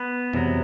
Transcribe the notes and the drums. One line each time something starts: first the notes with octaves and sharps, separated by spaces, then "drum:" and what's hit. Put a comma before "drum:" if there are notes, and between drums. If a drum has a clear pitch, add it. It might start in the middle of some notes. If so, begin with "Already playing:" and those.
Already playing: B3
E2 C3 F#3, drum: tom F2